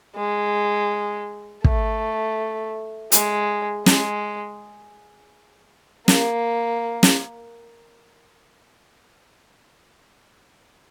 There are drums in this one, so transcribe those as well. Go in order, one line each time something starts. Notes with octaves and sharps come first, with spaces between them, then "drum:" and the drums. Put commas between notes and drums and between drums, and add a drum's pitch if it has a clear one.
G#3
A3, drum: kick
G#3, drum: hi-hat
G#3, drum: snare
A#3, drum: snare
drum: snare